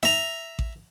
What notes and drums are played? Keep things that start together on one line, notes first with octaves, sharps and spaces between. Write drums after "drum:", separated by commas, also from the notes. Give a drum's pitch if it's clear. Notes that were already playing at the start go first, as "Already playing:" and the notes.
E5 A#5, drum: snare D#4
drum: kick A1